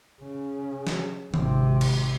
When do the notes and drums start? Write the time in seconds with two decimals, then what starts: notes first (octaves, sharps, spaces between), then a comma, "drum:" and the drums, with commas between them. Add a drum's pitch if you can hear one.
0.22 C#3
0.87 drum: snare
1.34 G#1 C3, drum: tom D3
1.81 drum: cymbal